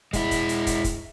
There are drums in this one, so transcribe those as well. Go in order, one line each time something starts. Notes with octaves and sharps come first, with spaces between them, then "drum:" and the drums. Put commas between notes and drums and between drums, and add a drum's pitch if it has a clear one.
G#3 E4, drum: kick, hi-hat
drum: kick, hi-hat
drum: hi-hat
drum: kick, hi-hat
drum: kick, hi-hat